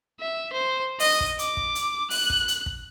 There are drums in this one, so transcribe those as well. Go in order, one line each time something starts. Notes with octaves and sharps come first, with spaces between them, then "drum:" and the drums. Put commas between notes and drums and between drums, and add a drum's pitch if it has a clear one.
E5
C5
D#5, drum: open hi-hat
drum: kick
D6, drum: hi-hat
drum: kick
drum: hi-hat
F#6, drum: open hi-hat
drum: kick
drum: hi-hat
drum: kick